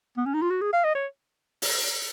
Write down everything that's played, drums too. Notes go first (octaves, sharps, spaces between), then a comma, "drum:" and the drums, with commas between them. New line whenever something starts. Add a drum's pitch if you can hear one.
B3
C#4
D#4
F4
F#4
G#4
F5
D#5
C#5
drum: open hi-hat